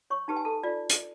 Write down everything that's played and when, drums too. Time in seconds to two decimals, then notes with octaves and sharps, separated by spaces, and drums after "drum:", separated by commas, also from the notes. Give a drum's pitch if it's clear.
0.10 C#5 C#6
0.28 D#4 G4 B4 A5
0.36 G#5
0.45 A4 A5
0.63 F4 D5
0.90 drum: hi-hat